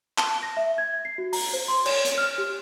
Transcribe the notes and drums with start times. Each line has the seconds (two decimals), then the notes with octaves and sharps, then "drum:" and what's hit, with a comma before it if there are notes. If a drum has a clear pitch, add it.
0.18 A5, drum: clap
0.43 A#6
0.57 E5
0.78 G#6
1.05 C7
1.18 F#4
1.33 A#5, drum: open hi-hat
1.53 C5
1.68 C6
1.86 C#5, drum: cymbal
2.05 drum: hi-hat
2.18 F6
2.38 G4